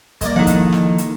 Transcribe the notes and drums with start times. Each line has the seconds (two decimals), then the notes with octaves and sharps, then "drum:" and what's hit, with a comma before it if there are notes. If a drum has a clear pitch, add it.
0.21 G#3 A#3 D5, drum: kick, hi-hat
0.36 D#3 F3 E4 A4 F#5
0.47 drum: kick, hi-hat
0.72 drum: snare
0.98 drum: hi-hat